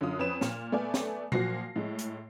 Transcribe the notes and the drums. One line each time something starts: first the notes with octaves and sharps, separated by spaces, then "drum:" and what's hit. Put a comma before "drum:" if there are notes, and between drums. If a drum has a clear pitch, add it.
F#2 D3 F4 D#6
F2 C#4 B4 D#6 E7
A#2, drum: snare
A3 B3 D5 G#5
drum: snare
A#2 F3 F#4 A#6 C7, drum: tom A#2
A2 G#3
drum: hi-hat